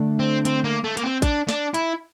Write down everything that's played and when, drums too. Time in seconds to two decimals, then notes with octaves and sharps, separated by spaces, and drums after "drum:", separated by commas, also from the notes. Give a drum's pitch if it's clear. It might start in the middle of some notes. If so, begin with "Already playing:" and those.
Already playing: D3 A3 D4
0.19 C4
0.45 C4, drum: hi-hat
0.64 A#3
0.84 A3
0.97 A#3, drum: hi-hat
1.03 C4
1.22 D4, drum: kick, hi-hat
1.49 D4, drum: snare
1.74 E4, drum: hi-hat